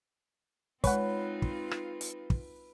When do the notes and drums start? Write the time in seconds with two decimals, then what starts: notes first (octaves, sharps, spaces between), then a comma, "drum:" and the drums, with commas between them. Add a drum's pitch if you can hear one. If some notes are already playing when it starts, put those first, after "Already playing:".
0.84 G#3 C4 D#4 F4 B4 C#5 F#5, drum: kick, hi-hat
1.42 drum: kick
1.71 drum: rim click
2.01 drum: hi-hat
2.30 drum: kick